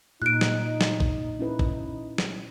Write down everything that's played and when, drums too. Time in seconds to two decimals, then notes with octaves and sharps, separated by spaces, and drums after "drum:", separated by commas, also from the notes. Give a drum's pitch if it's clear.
0.22 A#2 D#4 F#6 D7
0.41 drum: snare
0.81 drum: snare
1.00 drum: kick
1.39 C#4 E4 B4
1.59 drum: kick
2.18 drum: snare